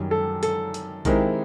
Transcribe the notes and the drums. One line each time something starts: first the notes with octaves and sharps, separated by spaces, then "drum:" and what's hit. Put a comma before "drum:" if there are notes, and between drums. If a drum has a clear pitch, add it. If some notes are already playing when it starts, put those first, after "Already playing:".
Already playing: F#2 D#3 G3
A4
A4, drum: hi-hat
drum: hi-hat
D#3 G#3 C4 E4 G4 A#4, drum: kick A#1, hi-hat